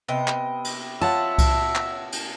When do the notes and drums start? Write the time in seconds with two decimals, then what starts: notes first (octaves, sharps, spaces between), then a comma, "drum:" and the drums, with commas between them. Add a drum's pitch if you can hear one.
0.08 C3 B3 D#5 G5
0.28 drum: clap
0.65 drum: cymbal
1.01 F4 C#5 E5 F#5 A5
1.38 drum: kick C2, cymbal
1.75 drum: clap
2.12 drum: cymbal